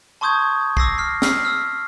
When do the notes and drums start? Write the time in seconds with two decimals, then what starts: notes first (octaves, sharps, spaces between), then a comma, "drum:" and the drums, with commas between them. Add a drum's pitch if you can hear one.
0.21 A5 C6 C#6 D#6 G6 G#6
0.77 D6 E6 A#6 C7, drum: kick
0.98 F6 C7
1.22 E6 F6 B6 C7, drum: snare
1.45 E6 F6